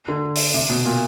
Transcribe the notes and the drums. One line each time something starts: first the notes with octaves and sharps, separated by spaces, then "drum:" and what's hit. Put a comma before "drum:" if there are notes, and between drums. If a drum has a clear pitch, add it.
D3
drum: open hi-hat
C3
B2
A#2